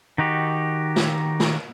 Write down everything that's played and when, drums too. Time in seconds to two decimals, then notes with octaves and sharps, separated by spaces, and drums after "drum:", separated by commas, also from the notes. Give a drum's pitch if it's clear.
0.18 D#3 D#4 F#4 G4
0.96 drum: snare
1.40 drum: snare